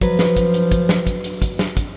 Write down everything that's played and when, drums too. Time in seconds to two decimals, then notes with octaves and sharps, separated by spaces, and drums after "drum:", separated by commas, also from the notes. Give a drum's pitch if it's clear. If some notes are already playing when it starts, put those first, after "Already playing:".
0.01 F3 F#3 B4, drum: kick, hi-hat
0.19 drum: snare
0.37 drum: kick, hi-hat
0.54 drum: hi-hat
0.72 drum: kick, hi-hat
0.89 drum: snare
1.07 drum: kick, hi-hat
1.24 drum: hi-hat
1.42 drum: kick, hi-hat
1.59 drum: snare
1.77 drum: kick, hi-hat